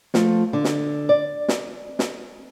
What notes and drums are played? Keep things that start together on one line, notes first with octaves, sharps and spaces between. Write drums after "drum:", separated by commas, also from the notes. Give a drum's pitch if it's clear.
F3 A3 F4, drum: snare
D3
drum: snare
D5
drum: snare
drum: snare